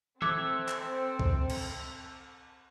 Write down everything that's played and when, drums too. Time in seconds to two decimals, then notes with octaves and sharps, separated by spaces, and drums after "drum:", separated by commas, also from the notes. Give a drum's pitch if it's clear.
0.22 C4 A4 E5 D6 F#6 G#6, drum: tom
0.68 drum: clap
1.20 drum: kick C#2
1.50 drum: cymbal